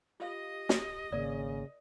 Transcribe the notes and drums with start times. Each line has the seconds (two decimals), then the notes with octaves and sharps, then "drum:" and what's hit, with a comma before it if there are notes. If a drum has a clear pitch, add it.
0.20 F4 G4 D#5 F5
0.69 drum: snare
1.12 G#1 C#3 A#3 A#4 D5